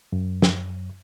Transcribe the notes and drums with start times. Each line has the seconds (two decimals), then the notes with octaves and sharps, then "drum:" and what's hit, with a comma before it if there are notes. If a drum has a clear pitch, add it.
0.13 F#2
0.42 drum: snare